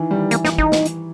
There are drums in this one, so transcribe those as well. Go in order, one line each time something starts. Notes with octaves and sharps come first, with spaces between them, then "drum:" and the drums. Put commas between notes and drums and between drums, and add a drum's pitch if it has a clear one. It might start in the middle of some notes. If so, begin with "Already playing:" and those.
Already playing: D#3 E3
D#3 G3
E3 A#3, drum: hi-hat
D#4, drum: snare
D#4, drum: kick
drum: snare
drum: hi-hat